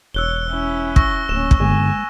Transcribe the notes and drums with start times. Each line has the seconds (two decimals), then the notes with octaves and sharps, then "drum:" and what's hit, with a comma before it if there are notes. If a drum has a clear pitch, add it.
0.14 E1 C#5 E6 F#6 G7
0.49 C#4 E4
0.96 C#6 E6 A#6, drum: kick
1.29 D1 A#2 C#4 E7
1.51 drum: kick
1.60 G1 G#3 G#5